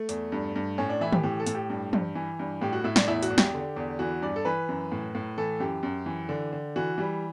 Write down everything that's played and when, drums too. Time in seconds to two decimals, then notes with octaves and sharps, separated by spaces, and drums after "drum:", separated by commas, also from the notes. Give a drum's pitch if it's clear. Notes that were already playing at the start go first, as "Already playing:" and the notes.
Already playing: A3
0.09 E2, drum: hi-hat
0.32 G2
0.56 G2
0.78 A2 C#4
0.89 D4
1.01 E3 E4
1.12 G4, drum: tom
1.23 A2 G4
1.40 A4
1.46 A2, drum: hi-hat
1.55 G4
1.70 G2
1.93 G2, drum: tom
2.15 E3
2.39 G2
2.62 A2 G4
2.73 F#4
2.84 A2 E4
2.96 D4, drum: snare
3.08 E2 E4
3.23 F#4, drum: hi-hat
3.30 E2
3.38 G4, drum: snare
3.54 D3
3.76 E2
3.99 E3 F#4
4.22 G2 D5
4.36 A4
4.45 E3 B4
4.69 F#2
4.92 A2
5.15 A2
5.38 E3 A4
5.60 F#2 G4
5.83 F#2
6.06 E3
6.29 D3
6.53 D3
6.76 E3 F#4
6.98 E3 G3